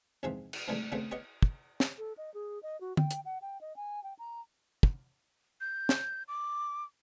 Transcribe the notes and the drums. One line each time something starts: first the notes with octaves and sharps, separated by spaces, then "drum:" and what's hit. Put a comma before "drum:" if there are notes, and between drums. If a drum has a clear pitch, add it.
E2 G#2 C3 E3 F3 C4
drum: cymbal
G#2 C3 E3 G3 A3
A#2 C#3 A3 B3 C4
B3 G4 C#5 D#5 F#5
drum: kick
drum: snare
A4
D#5
G#4
D#5
F#4
G5, drum: tom D3
drum: hi-hat
F#5
G5
D#5
G#5
G5
A#5
drum: kick
G6
drum: snare
D6